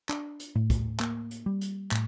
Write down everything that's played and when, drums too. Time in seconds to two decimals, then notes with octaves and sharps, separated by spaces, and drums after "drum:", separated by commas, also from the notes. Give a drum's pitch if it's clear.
0.09 D4, drum: clap
0.40 drum: hi-hat
0.55 A2
0.70 drum: kick, hi-hat
1.00 A#3, drum: clap
1.31 drum: hi-hat
1.46 G3
1.61 drum: hi-hat
1.92 A2, drum: clap